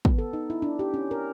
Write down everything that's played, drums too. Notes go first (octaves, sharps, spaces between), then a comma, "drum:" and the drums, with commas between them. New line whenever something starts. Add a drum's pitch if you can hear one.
B3, drum: kick
A4
D#4
E4
D4
G4
C#4
A#4